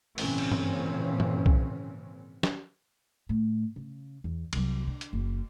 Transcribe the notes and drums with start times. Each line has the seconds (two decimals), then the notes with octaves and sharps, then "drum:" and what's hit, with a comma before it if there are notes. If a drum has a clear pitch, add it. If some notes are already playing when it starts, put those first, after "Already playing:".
0.18 G#1 A#2 C#3 E3 C4 C#4, drum: open hi-hat
0.38 drum: cymbal
0.51 drum: tom G2
1.20 drum: tom G2
1.46 drum: kick B1
2.43 drum: snare
3.29 A2
3.76 C#3
4.24 E2
4.53 C2 F#3, drum: cymbal
4.87 D3
5.01 drum: hi-hat
5.13 F#1